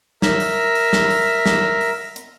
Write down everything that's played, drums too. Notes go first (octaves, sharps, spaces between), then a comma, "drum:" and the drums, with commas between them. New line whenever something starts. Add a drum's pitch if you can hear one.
A#4 E5, drum: snare
drum: open hi-hat
drum: open hi-hat
drum: snare
drum: open hi-hat
drum: snare
drum: open hi-hat
drum: hi-hat